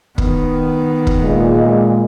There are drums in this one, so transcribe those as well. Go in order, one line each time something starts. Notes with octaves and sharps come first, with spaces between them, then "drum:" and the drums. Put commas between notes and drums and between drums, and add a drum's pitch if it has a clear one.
D#3 B3, drum: kick
drum: kick
A#2 G#3